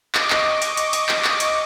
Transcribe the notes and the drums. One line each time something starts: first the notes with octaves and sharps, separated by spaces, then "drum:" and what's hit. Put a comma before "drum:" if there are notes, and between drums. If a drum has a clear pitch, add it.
D#5 C#6 D6, drum: clap
drum: clap
drum: hi-hat
drum: hi-hat
drum: hi-hat
drum: clap
drum: clap
drum: hi-hat